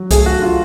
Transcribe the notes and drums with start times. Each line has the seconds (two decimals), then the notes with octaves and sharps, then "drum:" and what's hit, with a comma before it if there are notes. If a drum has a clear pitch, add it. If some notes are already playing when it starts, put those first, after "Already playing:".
Already playing: F#3
0.11 A3 G#4, drum: kick C2, hi-hat
0.26 F#4
0.42 F4